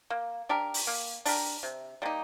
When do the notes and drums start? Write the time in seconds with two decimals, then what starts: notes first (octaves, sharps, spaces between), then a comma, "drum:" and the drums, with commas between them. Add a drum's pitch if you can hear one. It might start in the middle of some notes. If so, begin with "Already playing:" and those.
0.10 A#3
0.49 D4 G4 A#4
0.74 drum: open hi-hat
0.87 A#3
1.25 D4 G4 A#4, drum: open hi-hat
1.63 C3
2.02 G3 A#3 D#4